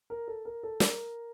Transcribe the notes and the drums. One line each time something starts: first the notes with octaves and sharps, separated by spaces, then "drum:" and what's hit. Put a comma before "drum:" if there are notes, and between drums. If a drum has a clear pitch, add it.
A#4
A4
A#4
A4
A#4, drum: snare